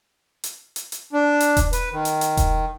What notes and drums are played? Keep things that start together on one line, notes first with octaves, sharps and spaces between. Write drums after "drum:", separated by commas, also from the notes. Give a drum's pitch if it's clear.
drum: hi-hat
drum: hi-hat
drum: hi-hat
D4
drum: hi-hat
drum: kick E1, hi-hat
B4, drum: hi-hat
D#3
drum: hi-hat
drum: hi-hat
drum: kick E1, hi-hat